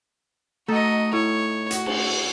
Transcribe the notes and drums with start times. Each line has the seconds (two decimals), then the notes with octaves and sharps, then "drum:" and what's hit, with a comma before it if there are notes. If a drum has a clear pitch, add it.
0.68 A3 D#4 F#4 A4 D#5
1.13 A2 C#5
1.71 F#4, drum: hi-hat
1.86 drum: cymbal